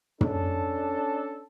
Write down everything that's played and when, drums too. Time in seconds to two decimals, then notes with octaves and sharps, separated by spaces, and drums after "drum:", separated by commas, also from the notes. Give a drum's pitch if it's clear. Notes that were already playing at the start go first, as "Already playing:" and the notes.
0.21 C#4 D4 A4, drum: tom